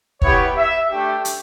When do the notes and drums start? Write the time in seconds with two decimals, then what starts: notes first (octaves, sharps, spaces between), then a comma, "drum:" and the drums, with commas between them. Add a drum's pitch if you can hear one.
0.22 B3 E4 G4 C#5, drum: kick
0.57 E5
0.90 A3 D4 G4
1.25 drum: hi-hat